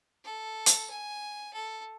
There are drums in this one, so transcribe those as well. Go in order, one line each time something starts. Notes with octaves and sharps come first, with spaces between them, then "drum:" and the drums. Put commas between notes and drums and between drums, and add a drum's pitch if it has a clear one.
A4
drum: hi-hat
G#5
A4